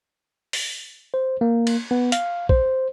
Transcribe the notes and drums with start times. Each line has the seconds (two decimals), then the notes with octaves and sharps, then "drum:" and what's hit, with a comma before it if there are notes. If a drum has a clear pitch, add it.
0.53 drum: open hi-hat
1.14 C5
1.41 A#3
1.67 drum: cymbal
1.91 B3
2.12 F5, drum: hi-hat
2.49 C5, drum: kick